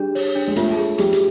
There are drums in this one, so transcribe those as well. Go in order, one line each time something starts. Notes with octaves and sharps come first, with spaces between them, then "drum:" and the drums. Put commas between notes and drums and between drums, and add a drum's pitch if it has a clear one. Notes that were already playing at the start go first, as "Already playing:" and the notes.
Already playing: G3 D4 G#4
C#5, drum: open hi-hat
D4
G#3
A3 F4, drum: hi-hat
G#4
G3 G#4, drum: hi-hat
drum: hi-hat